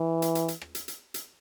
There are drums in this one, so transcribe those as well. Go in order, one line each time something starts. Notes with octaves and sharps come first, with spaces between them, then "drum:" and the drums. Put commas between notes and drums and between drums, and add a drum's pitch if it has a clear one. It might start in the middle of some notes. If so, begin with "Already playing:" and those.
Already playing: E3
drum: hi-hat
drum: hi-hat
drum: hi-hat
drum: rim click
drum: hi-hat
drum: hi-hat
drum: hi-hat